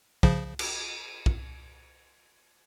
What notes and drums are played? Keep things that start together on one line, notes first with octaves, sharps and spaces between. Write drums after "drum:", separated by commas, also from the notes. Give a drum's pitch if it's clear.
C#3 F3, drum: kick
drum: cymbal
drum: kick